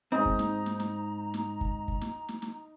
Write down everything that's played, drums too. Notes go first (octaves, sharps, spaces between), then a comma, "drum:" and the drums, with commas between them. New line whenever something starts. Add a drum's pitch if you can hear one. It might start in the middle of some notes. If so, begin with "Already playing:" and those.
G#2 C4 D#4 A#5
drum: kick
drum: snare
drum: snare
drum: snare
drum: snare
drum: kick
drum: kick
drum: snare
drum: snare
drum: snare